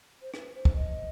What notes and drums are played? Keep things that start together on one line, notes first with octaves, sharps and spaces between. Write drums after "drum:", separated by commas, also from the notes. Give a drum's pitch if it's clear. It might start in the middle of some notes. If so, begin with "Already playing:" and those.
C5
B4, drum: rim click
C5
drum: kick
D#5